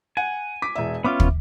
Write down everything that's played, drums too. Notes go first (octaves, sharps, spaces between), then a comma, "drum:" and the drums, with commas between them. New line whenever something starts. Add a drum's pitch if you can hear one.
F#5 G#5
D6 B6
E1 E5
B3 C#4 F4 E5 D6
drum: kick